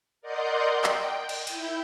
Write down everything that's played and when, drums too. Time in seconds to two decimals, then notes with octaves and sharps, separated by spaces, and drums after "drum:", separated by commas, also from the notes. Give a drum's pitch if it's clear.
0.21 A#4 D5 D#5 F#5 C6 G6
0.72 G5
0.84 drum: clap
1.29 drum: cymbal
1.47 E4 G6, drum: cymbal